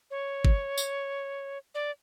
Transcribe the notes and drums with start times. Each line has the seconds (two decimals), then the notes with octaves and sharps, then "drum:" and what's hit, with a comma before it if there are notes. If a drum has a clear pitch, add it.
0.11 C#5
0.45 drum: kick
0.78 drum: tambourine
1.75 D5